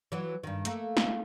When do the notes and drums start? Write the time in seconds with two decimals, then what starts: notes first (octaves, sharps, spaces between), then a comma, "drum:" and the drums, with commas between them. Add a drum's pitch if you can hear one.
0.12 E3 F#3
0.43 G2 D#3
0.65 A3 A#3, drum: hi-hat
0.97 drum: snare